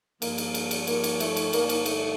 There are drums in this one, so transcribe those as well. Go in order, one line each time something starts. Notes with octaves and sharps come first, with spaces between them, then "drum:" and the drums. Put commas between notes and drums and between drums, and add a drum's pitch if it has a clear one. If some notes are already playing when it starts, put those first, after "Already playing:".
G2 F3 A#3, drum: cymbal
drum: cymbal
drum: cymbal
drum: cymbal
A#3, drum: cymbal
drum: cymbal
A3, drum: cymbal
drum: cymbal
G2 D3 F3 A#3, drum: cymbal
drum: cymbal
A3, drum: cymbal